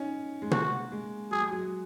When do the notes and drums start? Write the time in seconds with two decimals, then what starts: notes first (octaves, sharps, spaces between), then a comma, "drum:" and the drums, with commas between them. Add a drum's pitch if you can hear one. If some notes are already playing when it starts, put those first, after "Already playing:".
Already playing: C#4 D#4
0.42 G#3
0.51 A#3 F#4, drum: tom
0.92 G#3
1.31 F#3 G#4
1.41 G#3
1.51 F#3
1.61 F#4